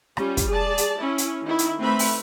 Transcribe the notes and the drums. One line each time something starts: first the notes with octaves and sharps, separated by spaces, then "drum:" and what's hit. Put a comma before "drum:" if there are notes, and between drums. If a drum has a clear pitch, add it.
G3 C#4 F4, drum: rim click
drum: kick, hi-hat
G#4 D5 A5
drum: hi-hat
C#4 E4
drum: hi-hat
D#3 E4
drum: hi-hat
A3 C4 D#4 B4 E5 B5
drum: open hi-hat